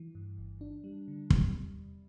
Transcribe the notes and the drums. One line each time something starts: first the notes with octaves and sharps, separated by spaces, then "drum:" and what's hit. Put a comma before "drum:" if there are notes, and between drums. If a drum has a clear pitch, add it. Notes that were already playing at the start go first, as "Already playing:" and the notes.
Already playing: E3
G2
G1
D4
G3
D3
G3, drum: kick
C3
E2